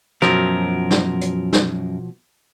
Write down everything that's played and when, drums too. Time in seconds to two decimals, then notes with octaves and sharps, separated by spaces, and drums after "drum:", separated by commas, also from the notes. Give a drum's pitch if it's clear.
0.22 F#2 B2 F3 F#3 A#4, drum: rim click
0.91 drum: snare
1.21 drum: hi-hat
1.53 drum: snare